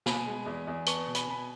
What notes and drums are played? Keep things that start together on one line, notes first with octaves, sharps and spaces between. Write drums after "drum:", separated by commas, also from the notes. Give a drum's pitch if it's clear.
B2 G#5 B5, drum: snare
G#3
E2
E2
B3 A5 C#6, drum: hi-hat
B2
G#5 B5, drum: hi-hat
B2 B5